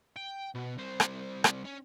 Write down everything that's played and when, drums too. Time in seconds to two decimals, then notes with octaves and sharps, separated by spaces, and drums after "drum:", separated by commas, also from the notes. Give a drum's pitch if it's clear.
0.17 G5
0.55 B2
0.78 C2 C5
1.00 drum: rim click
1.44 drum: rim click
1.65 C#4